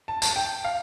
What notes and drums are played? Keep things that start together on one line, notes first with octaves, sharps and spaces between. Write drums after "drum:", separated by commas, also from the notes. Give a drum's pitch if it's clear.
A5
A5, drum: tambourine
G5
F5